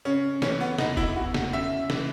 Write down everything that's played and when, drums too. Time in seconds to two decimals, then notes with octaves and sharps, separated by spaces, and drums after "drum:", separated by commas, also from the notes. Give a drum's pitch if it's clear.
0.05 C#3 C#4
0.42 E3 C#4, drum: snare
0.60 B3
0.78 E2 D#4, drum: snare
0.97 E4, drum: kick F1
1.16 E2 F#4
1.34 drum: snare
1.53 C#3 E5
1.90 E3, drum: snare